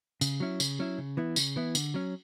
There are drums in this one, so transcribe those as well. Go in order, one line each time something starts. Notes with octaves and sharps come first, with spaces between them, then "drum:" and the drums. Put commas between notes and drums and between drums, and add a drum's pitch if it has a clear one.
C#3, drum: tambourine
F#3 C#4 E4
C#3, drum: tambourine
F#3 C#4 E4
C#3
E3 B3 E4
C#3, drum: tambourine
E3 B3 E4
D3, drum: tambourine
F#3 C#4